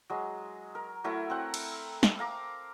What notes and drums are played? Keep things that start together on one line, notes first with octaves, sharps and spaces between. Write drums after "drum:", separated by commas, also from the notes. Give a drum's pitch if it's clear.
F#3 G#3
A#4
F#3 A3 E4 A#4
C4 F#5
drum: cymbal
drum: snare
F5 A#5 D6